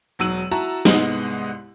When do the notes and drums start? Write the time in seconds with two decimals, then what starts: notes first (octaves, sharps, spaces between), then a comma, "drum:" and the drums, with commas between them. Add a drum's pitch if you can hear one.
0.19 E1 F#3 E6 D#7 F#7
0.51 E4 F#4 A5 A#5
0.85 C2 G#2 G#3 B3 D#5 F#7, drum: snare